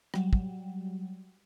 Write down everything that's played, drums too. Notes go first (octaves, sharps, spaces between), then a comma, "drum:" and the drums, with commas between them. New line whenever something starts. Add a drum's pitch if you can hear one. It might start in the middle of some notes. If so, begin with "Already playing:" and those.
F#3 G3, drum: rim click
drum: kick